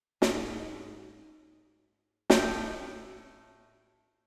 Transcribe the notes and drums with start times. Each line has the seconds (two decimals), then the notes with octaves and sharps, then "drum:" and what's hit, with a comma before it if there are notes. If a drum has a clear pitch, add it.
0.22 G#2, drum: snare
2.30 A2 G5, drum: snare